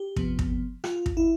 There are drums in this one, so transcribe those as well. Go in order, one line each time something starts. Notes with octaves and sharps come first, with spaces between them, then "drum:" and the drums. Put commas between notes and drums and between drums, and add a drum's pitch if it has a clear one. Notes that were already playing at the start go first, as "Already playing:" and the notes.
Already playing: G4
C3 F3 B3, drum: kick
drum: kick
F4, drum: rim click
drum: kick
E4